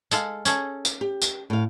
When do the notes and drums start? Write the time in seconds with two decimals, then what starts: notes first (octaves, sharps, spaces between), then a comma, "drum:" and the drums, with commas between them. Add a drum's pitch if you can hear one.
0.11 G#3 A4 F5, drum: tambourine
0.45 C#4 G#4 A4, drum: tambourine
0.85 drum: tambourine
1.01 G4
1.22 drum: tambourine
1.50 A2 F5